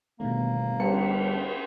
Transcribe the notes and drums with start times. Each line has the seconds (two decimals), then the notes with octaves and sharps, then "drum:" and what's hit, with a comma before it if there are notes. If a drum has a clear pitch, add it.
0.20 G1 B2 D#3 A3 A#3
0.80 G3 A5 C#7, drum: cymbal